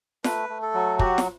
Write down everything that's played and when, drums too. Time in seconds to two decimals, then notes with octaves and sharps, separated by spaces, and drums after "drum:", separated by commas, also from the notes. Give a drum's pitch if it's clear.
0.24 A3 B4, drum: snare
0.49 A3
0.62 A4
0.74 F#3
0.99 F#4 G4, drum: kick
1.18 drum: snare